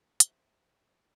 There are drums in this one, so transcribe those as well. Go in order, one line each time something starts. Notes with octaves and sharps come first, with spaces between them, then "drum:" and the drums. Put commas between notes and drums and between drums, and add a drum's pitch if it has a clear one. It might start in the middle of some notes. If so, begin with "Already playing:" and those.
F#4 G#4 C5 E5 F#5, drum: hi-hat